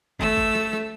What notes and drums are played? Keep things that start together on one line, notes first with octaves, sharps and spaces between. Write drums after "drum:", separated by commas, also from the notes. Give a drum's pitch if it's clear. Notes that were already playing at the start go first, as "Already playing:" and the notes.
A3 E6, drum: kick
drum: kick
drum: snare
drum: snare